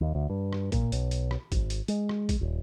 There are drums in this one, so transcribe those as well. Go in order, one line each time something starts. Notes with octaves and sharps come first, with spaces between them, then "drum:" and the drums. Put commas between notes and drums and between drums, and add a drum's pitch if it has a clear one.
D#2
D2
G2
drum: rim click
A#2, drum: kick, hi-hat
B1, drum: hi-hat
drum: hi-hat
drum: rim click
G#1, drum: kick, hi-hat
drum: hi-hat
G#3, drum: hi-hat
drum: rim click
drum: kick, hi-hat
D#1